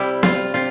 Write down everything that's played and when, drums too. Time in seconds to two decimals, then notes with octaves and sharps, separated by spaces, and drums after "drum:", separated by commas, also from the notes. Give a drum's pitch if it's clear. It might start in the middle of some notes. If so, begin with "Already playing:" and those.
Already playing: C3 G3 E4
0.23 F4, drum: snare B3
0.54 C3 F4